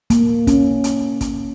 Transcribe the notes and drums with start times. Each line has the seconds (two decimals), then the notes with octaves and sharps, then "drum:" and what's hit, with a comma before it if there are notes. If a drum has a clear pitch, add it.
0.10 A#3, drum: hi-hat
0.47 C#4, drum: kick, hi-hat
0.84 drum: hi-hat
1.21 drum: kick, hi-hat